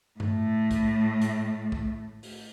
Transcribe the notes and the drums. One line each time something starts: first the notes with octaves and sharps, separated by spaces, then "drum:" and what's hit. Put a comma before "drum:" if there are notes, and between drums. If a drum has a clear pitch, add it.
A2 A3, drum: tom G2
drum: kick, hi-hat
drum: hi-hat
drum: kick
drum: open hi-hat